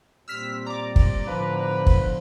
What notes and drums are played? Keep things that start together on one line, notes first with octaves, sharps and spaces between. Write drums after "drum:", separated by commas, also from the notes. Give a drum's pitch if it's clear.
A#2 G3 C4 E6 F6 B6
D5 A#5 D6
drum: kick
E2 A2 D3 F3 B4
drum: kick